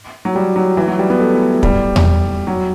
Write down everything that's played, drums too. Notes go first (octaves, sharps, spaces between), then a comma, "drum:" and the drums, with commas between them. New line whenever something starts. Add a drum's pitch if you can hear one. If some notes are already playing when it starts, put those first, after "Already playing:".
F#3
G3
F#3
E3
F#3
G3
B3
A3
G3, drum: kick
drum: tom E2
F#3